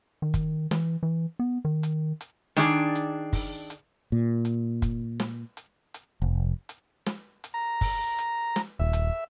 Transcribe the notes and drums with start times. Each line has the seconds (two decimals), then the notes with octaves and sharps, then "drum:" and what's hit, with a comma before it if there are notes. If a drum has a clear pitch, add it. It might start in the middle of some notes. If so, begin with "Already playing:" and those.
0.22 D#3
0.34 drum: kick, hi-hat
0.71 E3, drum: snare
1.03 E3
1.39 B3
1.65 D#3
1.83 drum: hi-hat
2.21 drum: hi-hat
2.56 D#3 D4 G#4, drum: snare
2.95 drum: hi-hat
3.33 drum: kick, open hi-hat
3.70 drum: hi-hat
4.12 A#2
4.45 drum: hi-hat
4.82 drum: kick, hi-hat
5.20 drum: snare
5.57 drum: hi-hat
5.94 drum: hi-hat
6.22 F1
6.69 drum: hi-hat
7.06 drum: snare
7.44 drum: hi-hat
7.54 A#5
7.81 drum: kick, open hi-hat
8.19 drum: hi-hat
8.56 drum: snare
8.79 D#1 E5
8.93 drum: hi-hat